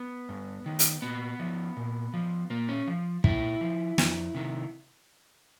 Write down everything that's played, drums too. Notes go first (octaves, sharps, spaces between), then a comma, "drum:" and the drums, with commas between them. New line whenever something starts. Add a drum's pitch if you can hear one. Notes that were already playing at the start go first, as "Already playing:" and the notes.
Already playing: B3
G2
D#3
drum: hi-hat
A#2 B3
F3
A#2
F3
A#2 A#3
C#4
F3
A#2 E4, drum: kick
F3
F2, drum: snare
C3 D#3